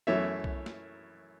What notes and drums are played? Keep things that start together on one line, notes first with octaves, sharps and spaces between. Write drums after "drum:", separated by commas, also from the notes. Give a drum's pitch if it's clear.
F#2 E3 A3 C#5 E5
drum: kick B1
drum: snare